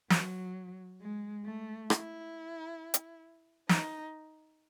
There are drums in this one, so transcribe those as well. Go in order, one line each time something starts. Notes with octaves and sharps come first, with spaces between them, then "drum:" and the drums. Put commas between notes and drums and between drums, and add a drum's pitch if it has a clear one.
F#3, drum: snare
G#3
A3
E4, drum: rim click
drum: hi-hat
D#4, drum: snare